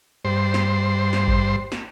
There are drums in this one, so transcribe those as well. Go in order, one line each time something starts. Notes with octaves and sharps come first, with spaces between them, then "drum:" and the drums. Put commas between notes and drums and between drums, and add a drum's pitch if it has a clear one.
G2 C5
drum: snare
drum: snare
drum: kick G#1
drum: snare